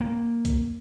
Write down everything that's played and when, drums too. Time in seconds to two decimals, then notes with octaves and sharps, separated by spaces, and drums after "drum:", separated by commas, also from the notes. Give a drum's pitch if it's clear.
0.01 A#3
0.45 drum: kick, hi-hat